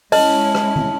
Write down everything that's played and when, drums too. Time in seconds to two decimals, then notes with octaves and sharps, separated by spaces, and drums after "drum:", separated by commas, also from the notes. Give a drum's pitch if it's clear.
0.12 G#3 C#4 E4 D#5 A5 F6 F#7, drum: open hi-hat
0.55 drum: rim click
0.76 drum: tom D#3